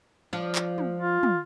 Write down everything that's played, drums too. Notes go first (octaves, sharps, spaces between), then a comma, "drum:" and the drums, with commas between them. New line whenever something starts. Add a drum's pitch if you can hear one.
F3 D4
drum: clap
drum: tom
F4
drum: tom